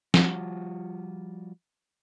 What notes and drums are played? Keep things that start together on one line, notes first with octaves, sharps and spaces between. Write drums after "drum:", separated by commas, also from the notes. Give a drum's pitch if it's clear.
F3 G3 F4 F#4, drum: snare